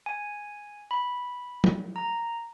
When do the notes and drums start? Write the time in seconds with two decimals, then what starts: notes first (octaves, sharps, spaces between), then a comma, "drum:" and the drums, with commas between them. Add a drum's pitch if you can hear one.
0.06 G#5
0.91 B5
1.64 drum: tom F3
1.96 A#5